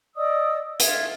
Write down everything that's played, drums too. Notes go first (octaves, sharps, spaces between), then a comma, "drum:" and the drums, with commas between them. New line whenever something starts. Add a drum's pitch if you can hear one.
D5 D#5 D#6 E6
F4 E5 G#6, drum: hi-hat